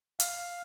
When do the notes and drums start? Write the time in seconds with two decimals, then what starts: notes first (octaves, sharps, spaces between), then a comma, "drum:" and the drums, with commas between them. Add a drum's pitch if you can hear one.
0.20 F5, drum: hi-hat